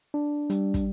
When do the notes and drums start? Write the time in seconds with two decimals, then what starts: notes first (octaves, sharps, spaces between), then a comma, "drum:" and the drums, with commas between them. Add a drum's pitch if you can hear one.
0.14 D4
0.50 G3, drum: hi-hat
0.74 drum: kick, hi-hat